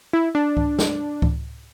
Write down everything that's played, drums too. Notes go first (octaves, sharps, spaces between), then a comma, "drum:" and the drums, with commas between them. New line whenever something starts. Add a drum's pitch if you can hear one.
E4
D4
drum: kick C#2
drum: snare
drum: kick C#2